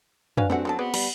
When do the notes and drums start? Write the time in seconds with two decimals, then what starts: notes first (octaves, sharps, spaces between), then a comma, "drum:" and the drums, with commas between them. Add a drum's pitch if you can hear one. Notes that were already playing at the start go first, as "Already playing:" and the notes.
0.37 D4 F#4 B4 C#5 F5 G#5, drum: tom
0.50 G2 C4 F#4 A4 E5 F#5
0.65 F#3 B3 A4 A5
0.79 B3 G#4 B4 D5
0.94 G3 B5, drum: cymbal